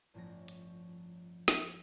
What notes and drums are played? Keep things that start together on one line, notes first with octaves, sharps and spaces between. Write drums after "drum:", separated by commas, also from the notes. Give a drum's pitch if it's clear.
G1 A2 F3 C#4 A#6
drum: hi-hat
drum: snare